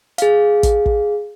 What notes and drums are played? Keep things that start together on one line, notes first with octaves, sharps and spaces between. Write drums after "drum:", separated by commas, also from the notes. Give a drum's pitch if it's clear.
G#4 F5, drum: hi-hat
drum: kick, hi-hat
drum: kick